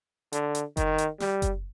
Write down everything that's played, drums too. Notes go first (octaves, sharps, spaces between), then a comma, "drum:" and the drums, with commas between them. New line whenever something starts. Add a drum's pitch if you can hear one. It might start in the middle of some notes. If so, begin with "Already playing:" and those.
D3, drum: hi-hat
drum: hi-hat
D#3, drum: kick F#1, hi-hat
drum: hi-hat
G3, drum: snare
drum: kick F#1, hi-hat